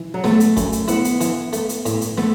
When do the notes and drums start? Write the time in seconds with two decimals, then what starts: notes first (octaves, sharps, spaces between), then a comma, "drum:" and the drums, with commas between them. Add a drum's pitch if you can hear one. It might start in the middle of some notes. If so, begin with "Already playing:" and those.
Already playing: E3
0.14 F#3
0.24 A3 B3, drum: snare
0.40 drum: hi-hat
0.57 F#2, drum: kick, hi-hat
0.72 drum: hi-hat
0.88 B3 E4, drum: hi-hat
1.05 drum: hi-hat
1.21 E3, drum: hi-hat
1.53 A3, drum: hi-hat
1.69 drum: hi-hat
1.86 A2, drum: hi-hat
2.01 drum: hi-hat
2.17 A3 B3, drum: snare